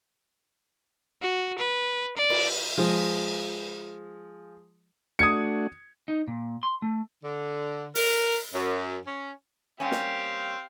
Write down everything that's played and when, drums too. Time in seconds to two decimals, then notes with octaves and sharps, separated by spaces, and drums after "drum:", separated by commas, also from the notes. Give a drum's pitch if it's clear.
1.22 F#4
1.58 B4
2.17 D5
2.30 drum: cymbal
2.78 F3 G#3
5.19 A3 D4 F#4 D#6 G#6 C#7
6.08 D#4
6.28 A#2
6.63 C6
6.82 A3
7.22 D3
7.95 A#4, drum: open hi-hat
8.53 F#2
9.06 C#4
9.80 G3 A#3 C4 C#4 G4 F5
9.91 drum: snare